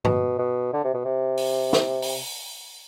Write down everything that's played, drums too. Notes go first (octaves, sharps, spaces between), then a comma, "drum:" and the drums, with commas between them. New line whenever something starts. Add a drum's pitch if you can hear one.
B2, drum: tom G2
B2
D3
C3
B2
C3
drum: open hi-hat
drum: snare
drum: open hi-hat